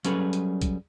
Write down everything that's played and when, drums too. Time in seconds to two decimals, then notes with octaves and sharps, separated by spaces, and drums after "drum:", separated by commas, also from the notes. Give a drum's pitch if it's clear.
0.05 F#3 G3 C#4 G#4 A4 B4, drum: hi-hat
0.33 drum: hi-hat
0.62 drum: kick, hi-hat